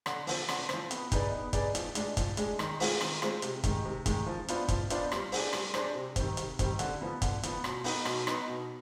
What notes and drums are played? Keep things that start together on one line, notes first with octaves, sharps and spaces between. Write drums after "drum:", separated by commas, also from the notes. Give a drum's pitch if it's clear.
D3, drum: rim click
F3 C4, drum: open hi-hat
D3, drum: rim click
F3 C4, drum: rim click
B3, drum: hi-hat
D#4 G#4 B4 D5, drum: kick, hi-hat
B3
D#4 G#4 B4 D5, drum: kick, hi-hat
F3, drum: hi-hat
G#3 D4 G#4, drum: hi-hat
F3, drum: kick, hi-hat
G#3 D4 G#4, drum: hi-hat
D#3, drum: rim click
G#3 C4 F4 G#4, drum: open hi-hat
D#3, drum: rim click
G#3 C4 F4 G#4, drum: rim click
C3, drum: hi-hat
D#3 G#3, drum: kick, hi-hat
C3
D#3 G#3, drum: kick, hi-hat
F3
B3 D4 F4 C5, drum: hi-hat
F3, drum: kick, hi-hat
B3 D4 F4 C5, drum: hi-hat
G3, drum: rim click
D4 G#4 C5, drum: open hi-hat
G3, drum: rim click
D4 G#4 C5, drum: rim click
C3
D#3 G3 C4, drum: kick, hi-hat
C3, drum: hi-hat
D#3 G3 C4, drum: kick, hi-hat
D3, drum: hi-hat
F3 B3
D3, drum: kick, hi-hat
F3 B3, drum: hi-hat
B2, drum: rim click
B3 D#4, drum: open hi-hat
B2, drum: rim click
B3 D#4, drum: rim click
B2